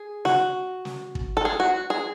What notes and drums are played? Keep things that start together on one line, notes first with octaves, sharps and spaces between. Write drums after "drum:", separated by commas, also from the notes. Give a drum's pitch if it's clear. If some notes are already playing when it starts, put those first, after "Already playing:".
Already playing: G#4
F#4, drum: snare
drum: snare
drum: kick
A4
G#4
F#4
G#4